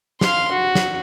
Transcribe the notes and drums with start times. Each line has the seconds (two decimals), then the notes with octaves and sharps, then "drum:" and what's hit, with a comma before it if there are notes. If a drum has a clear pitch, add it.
0.21 F5 C6, drum: snare
0.52 F#4
0.75 drum: snare